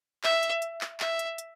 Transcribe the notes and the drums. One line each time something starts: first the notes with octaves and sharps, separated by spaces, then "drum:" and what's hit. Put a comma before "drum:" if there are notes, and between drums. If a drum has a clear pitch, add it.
E5, drum: clap
drum: hi-hat
drum: hi-hat
drum: clap
E5, drum: clap
drum: hi-hat
drum: hi-hat